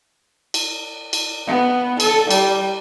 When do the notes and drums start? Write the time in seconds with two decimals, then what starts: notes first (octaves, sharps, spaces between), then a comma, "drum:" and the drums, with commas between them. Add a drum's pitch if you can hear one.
0.54 drum: cymbal
1.13 drum: cymbal
1.47 B3
2.00 A4, drum: cymbal
2.31 G3, drum: cymbal